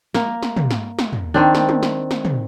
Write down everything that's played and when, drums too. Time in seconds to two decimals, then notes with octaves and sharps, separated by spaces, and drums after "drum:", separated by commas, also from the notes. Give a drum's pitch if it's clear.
0.14 A#3, drum: snare
0.43 drum: snare
0.57 drum: tom
0.71 drum: snare
0.99 drum: snare
1.13 drum: tom
1.34 D#3 C4 D4
1.55 drum: snare
1.69 drum: tom
1.83 drum: snare
2.11 drum: snare
2.25 drum: tom